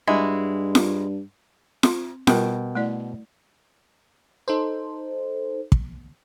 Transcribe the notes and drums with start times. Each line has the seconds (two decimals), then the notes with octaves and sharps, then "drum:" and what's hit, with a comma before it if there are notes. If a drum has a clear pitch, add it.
0.07 G2 G#3 E4 F#4
0.75 drum: snare F4
1.83 C4 C6, drum: snare F4
2.27 B2 G3 G4 A#4 G5, drum: snare F4
2.75 A3 E4 D5
4.48 D#4 A4 C5
5.72 drum: kick